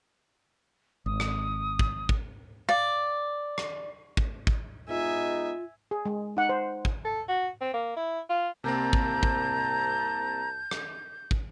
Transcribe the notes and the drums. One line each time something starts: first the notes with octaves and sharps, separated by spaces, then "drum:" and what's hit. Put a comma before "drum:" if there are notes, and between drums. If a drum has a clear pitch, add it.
G#1 D#6
drum: rim click
drum: kick
drum: kick
D5 F5
drum: rim click
drum: kick
drum: kick
G#3 B3 D#4 F4 E5 G#5
G#4
G#3
D#4 F#5
C5
drum: kick
A4
F#4
C4
A#3
E4
F4
C2 C3 A#3 C4 A5 A#5 G6
drum: kick
drum: kick
drum: rim click
drum: kick